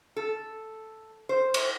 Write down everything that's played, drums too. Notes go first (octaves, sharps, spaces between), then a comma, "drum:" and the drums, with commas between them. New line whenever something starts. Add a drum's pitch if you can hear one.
A4
C5
drum: cymbal